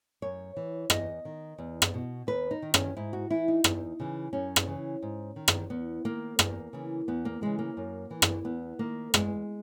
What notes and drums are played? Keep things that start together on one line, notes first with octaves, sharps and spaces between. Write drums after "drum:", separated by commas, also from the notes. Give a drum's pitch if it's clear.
F#2 C#5
E3
E2 D#5, drum: rim click
D#3
E2
drum: rim click
B2
D#2 B4
D#4
D#3
C#4, drum: rim click
G#2 E4
F#4
E3 E4
D#4
E2, drum: rim click
C#3 E3
F#2 C#4
drum: rim click
C#3 E3
G#2
D#3
drum: rim click
E2 B3
D#3 A#3
E2 A#3, drum: rim click
C#3 E3
E2 B3
A#3
C#3 E3 G#3
A#3
F#2
E3
drum: rim click
E2 B3
D#3 A#3
E2 G#3, drum: rim click